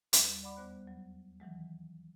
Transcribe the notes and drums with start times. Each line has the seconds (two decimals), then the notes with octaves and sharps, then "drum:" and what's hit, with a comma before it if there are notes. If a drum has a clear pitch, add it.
0.13 D#2 G3, drum: hi-hat
0.43 D5 F#5 B5 D6
0.57 E2 G3 B3 C5 F#6
0.87 F#3
1.40 D#3 E3 F#3 G#3